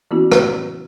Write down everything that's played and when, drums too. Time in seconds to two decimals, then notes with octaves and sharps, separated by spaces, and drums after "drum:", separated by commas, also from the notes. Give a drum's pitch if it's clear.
0.11 E3 A#3 B3 C#4 E4 F#4
0.32 drum: rim click